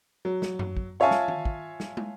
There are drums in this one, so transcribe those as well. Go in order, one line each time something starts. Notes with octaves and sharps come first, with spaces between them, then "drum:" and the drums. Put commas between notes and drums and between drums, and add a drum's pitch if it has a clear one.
F#3
drum: snare
drum: tom F#2
drum: kick
F4 C#5 E5 F5 G#5 A5
drum: snare
drum: tom D#3
drum: kick
drum: snare
drum: tom